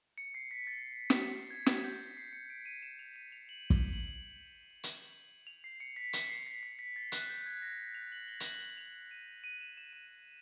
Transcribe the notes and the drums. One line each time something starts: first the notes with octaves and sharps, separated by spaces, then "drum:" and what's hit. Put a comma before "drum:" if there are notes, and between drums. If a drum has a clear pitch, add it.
C#7
C7
B6
A6
drum: snare
G#6
drum: snare
G6
B6
C7
C#7
D7
D#7
E7
F7
D#7
F7
F#7
G7, drum: kick
F#7
drum: hi-hat
F7
C7
C#7
B6
B6, drum: hi-hat
C7
B6
C7
B6
A6
F#6, drum: hi-hat
G6
G#6
A#6
F7
F#7
G7
F7, drum: hi-hat
F#7
G7
F7
D#7
D#7
E7
E7
D#7